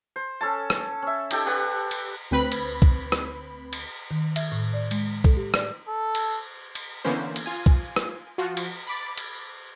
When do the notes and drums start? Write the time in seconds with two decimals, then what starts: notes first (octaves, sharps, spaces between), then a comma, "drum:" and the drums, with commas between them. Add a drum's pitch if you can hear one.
0.16 C5
0.41 C#4 A4 C#5 A5
0.70 drum: rim click
1.02 C#4 E5
1.31 D#4 G4 A4 G5, drum: cymbal
1.46 G4 B4 D5 F#5
1.91 drum: cymbal
2.31 D2 C4 B4 B5
2.52 drum: cymbal
2.82 drum: kick B1
3.12 drum: rim click
3.73 drum: cymbal
4.11 D#3
4.36 E5, drum: cymbal
4.52 A2
4.74 D5
4.91 G#3, drum: cymbal
5.24 A4, drum: kick B1
5.37 G4
5.54 D5, drum: rim click
5.88 A4
6.15 drum: cymbal
6.75 drum: cymbal
7.05 D3 E3 A#3 B3 C#4 C5
7.36 drum: cymbal
7.46 F4 G#5
7.66 drum: kick B1
7.96 drum: rim click
8.38 F3 F4 F#4
8.57 drum: cymbal
8.87 B5 D6 A6
9.18 drum: cymbal